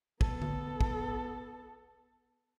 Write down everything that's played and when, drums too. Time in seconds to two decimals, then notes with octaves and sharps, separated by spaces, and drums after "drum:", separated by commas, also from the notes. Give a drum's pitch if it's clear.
0.21 B3 A4, drum: kick
0.42 drum: tom D3
0.81 drum: kick